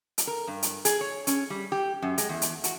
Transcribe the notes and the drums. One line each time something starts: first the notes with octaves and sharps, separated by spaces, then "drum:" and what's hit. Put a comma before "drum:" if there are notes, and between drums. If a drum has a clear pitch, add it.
drum: hi-hat
A#4
G2
drum: hi-hat
G#4, drum: hi-hat
C#5
C#4, drum: hi-hat
G3
G4
F#2
G#3, drum: hi-hat
E2
drum: hi-hat
F#4, drum: hi-hat